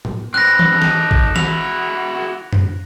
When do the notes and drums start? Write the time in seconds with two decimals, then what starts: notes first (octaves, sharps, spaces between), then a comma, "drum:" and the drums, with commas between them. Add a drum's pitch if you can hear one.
0.05 drum: tom A2
0.34 C4 B4 F#6 A#6
0.59 drum: tom E3
0.72 D#4 A4
0.82 drum: snare
1.11 drum: kick
1.36 E4 F#4 F7, drum: snare
2.53 drum: tom F#2